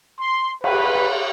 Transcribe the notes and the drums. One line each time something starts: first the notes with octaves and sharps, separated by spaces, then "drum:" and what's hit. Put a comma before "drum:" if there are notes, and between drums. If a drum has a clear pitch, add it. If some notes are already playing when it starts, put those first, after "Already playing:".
C6
B4, drum: cymbal